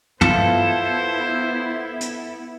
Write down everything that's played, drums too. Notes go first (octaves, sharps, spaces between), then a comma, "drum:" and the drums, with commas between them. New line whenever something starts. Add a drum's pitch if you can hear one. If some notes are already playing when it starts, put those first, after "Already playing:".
B3 E4 F4 A4 C5, drum: tom
drum: hi-hat